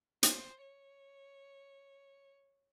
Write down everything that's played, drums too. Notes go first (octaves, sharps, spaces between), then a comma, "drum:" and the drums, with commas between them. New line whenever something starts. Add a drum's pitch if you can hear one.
C5, drum: hi-hat
C#5